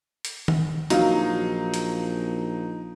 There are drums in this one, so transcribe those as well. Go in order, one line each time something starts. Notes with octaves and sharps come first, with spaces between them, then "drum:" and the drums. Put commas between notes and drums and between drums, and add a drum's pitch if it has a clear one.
drum: hi-hat
drum: tom D#3
A#1 F#3 D#4 F4 F#4 F5, drum: hi-hat
drum: hi-hat